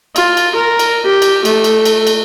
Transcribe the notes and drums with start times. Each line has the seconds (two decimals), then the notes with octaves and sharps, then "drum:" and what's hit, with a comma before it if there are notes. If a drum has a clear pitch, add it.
0.16 F4, drum: cymbal
0.37 drum: cymbal
0.55 A#4
0.79 drum: cymbal
1.05 G4
1.22 drum: cymbal
1.45 A3, drum: cymbal
1.64 drum: cymbal
1.85 drum: cymbal
2.07 drum: cymbal